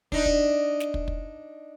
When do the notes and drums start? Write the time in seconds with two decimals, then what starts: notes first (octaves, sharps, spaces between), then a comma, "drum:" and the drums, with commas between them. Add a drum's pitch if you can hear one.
0.12 D4 D#4, drum: kick
0.26 drum: kick
0.80 drum: snare
0.94 drum: kick
1.08 drum: kick